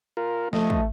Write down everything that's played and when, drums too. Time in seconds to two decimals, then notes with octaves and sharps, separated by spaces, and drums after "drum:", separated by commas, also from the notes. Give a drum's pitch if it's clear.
0.17 F4 A#4
0.53 F3 A3 D#5, drum: snare
0.70 drum: kick